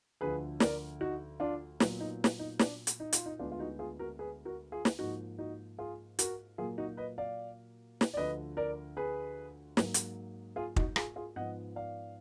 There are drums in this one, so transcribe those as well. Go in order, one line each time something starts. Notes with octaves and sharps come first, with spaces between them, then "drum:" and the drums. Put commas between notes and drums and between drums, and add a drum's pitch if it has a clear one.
D2 D3 F3 G#4 B4
A#4 D5, drum: snare
D#4 F#4
D4 F4
A#2 F#3 B3, drum: snare
D#4
drum: snare
D#4
D4, drum: snare
drum: hi-hat
D#4
F4, drum: hi-hat
D#4
D2 D3 G#3 B3 D4 F4
F4
D#4 F#4
F4 G#4
F#4 A#4
G#4 B4
F#4 A#4
F4 G#4
drum: snare
G#2 F3 A#3 D#4 F#4
D#4 F#4
F4 G#4
F#4 A#4, drum: hi-hat
A#2 F#3 A#3 F4 G#4
D#4 F#4
B4 D#5
D5 F5
drum: snare
D5
D2 D3 F3 B4 D#5
A#4 D5
G#4 B4
G#2 F#3 A#3, drum: snare
drum: hi-hat
F4 G#4
D#4 F#4, drum: kick
F4 G#4, drum: rim click
F4 G#4
G#2 F3 B3 D#5 F#5
D5 F5